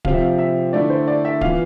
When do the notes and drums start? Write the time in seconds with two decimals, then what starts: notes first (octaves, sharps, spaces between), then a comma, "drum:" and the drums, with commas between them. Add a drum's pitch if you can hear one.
0.05 C3 F3 C4 F5, drum: kick D1
0.14 E5
0.23 F5
0.39 E5
0.73 D3 A3 E4 D5
0.90 C5
1.08 D5
1.25 E5
1.41 E3 B3 F4 F5, drum: kick D1